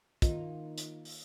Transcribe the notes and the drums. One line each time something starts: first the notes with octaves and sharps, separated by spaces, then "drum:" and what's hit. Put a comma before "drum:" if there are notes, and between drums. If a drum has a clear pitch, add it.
D#3 A#3 D#4 F4, drum: kick, hi-hat
drum: hi-hat
drum: open hi-hat